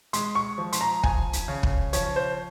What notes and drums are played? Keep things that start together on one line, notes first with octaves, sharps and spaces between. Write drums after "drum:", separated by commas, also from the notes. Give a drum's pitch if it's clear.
G#3 C6, drum: hi-hat
C#6
F3
C6, drum: hi-hat
A#5
F3 G#5, drum: kick
drum: hi-hat
C#3
drum: kick
F3 C#5, drum: hi-hat
C5